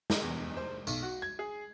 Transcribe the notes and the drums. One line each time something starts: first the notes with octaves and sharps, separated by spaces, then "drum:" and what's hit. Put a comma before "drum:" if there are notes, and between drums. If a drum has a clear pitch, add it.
drum: snare
E2
C5
B1, drum: tambourine
F#4
G#6
G#4